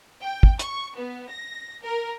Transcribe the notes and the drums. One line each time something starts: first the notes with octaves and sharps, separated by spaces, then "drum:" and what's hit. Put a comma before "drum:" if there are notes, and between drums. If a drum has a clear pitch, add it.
G5
drum: kick
C#6, drum: hi-hat
B3
A#6
A#4